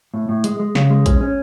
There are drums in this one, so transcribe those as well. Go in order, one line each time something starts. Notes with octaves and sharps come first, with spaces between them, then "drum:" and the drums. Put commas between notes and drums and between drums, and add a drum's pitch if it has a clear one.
A2
A2
G#3, drum: hi-hat
G#3
C#3, drum: snare
G#3
C#4, drum: kick, hi-hat
C#4